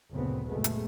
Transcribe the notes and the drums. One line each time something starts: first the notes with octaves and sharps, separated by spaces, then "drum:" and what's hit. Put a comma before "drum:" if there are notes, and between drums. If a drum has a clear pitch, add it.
F#1 D2 A#2 C#3 B3 C4
F#1 A#2 G#3 A3 B3
drum: hi-hat